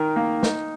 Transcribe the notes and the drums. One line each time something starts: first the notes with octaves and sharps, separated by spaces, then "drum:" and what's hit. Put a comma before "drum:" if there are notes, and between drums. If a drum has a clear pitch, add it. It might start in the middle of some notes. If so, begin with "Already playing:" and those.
Already playing: D#3 A#4
A#3
D#4, drum: snare